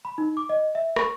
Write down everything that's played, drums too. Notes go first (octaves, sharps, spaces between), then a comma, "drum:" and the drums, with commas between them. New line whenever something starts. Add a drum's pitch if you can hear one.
B5
D#4
D6
D#5
E5
C#6, drum: rim click